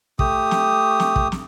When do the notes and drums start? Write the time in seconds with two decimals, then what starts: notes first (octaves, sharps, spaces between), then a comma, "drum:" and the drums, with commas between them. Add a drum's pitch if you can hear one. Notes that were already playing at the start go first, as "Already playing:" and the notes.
0.19 A3 G4 D#6, drum: kick
0.51 drum: snare
1.00 drum: snare
1.16 drum: kick
1.32 drum: snare